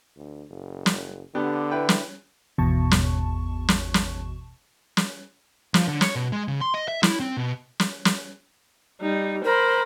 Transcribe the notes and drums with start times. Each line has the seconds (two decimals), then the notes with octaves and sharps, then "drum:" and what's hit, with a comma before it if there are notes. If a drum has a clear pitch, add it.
0.16 D2
0.50 F#1
0.86 drum: snare
1.35 D3 B3 D4 G4
1.71 E4 B4 G5
1.89 drum: snare
2.58 G#1 E2 B2 A5 C#6
2.91 drum: snare
3.68 drum: snare
3.94 drum: snare
4.97 drum: snare
5.74 F3, drum: snare
5.88 D3
6.01 C#5, drum: snare
6.16 B2
6.32 G#3
6.48 C#3
6.61 C6
6.74 D#5
6.88 E5
7.03 E4, drum: snare
7.20 C4
7.37 B2
7.80 drum: snare
8.05 drum: snare
9.01 G3 D#4
9.44 A#4 C5 B5